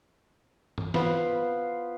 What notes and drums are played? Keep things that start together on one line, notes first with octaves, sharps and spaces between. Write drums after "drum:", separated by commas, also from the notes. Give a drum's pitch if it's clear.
drum: tom G2
B3 F4 B4 C5, drum: snare